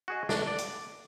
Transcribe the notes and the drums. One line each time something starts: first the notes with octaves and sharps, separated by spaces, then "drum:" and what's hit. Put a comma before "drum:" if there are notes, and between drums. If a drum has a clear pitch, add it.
F#4 G#4 D#5
D4, drum: snare
D5
drum: hi-hat